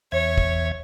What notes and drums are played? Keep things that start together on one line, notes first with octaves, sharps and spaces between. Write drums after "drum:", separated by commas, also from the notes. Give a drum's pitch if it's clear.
E2 C#5 E5 G#6
drum: kick